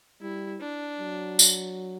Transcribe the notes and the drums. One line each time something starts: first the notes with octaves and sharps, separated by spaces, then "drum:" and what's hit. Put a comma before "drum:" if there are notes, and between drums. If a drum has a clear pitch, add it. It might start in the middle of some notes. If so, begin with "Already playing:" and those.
G3 E4
D4
F#3
drum: tambourine